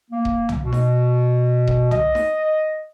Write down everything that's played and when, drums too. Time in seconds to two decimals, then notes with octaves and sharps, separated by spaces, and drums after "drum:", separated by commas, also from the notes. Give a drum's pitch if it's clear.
0.11 A#3
0.25 drum: kick D#1
0.49 drum: tom
0.63 B2
0.73 drum: snare D#4
1.67 drum: kick D#1
1.91 D#5, drum: tom
2.15 drum: snare D#4